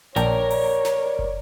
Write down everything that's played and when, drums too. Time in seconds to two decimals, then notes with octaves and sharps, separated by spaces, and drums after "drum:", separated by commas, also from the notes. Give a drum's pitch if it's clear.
0.16 A#1 A#4 C#5 D5 G5 A5, drum: hi-hat
0.50 drum: open hi-hat
0.85 drum: snare
1.19 drum: kick